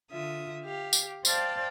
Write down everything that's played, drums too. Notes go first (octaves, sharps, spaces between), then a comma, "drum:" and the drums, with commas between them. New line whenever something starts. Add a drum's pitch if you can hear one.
D3 F4 E5 D#6
G4 F5
drum: tambourine
C5 D5 F5 G5 A5, drum: tambourine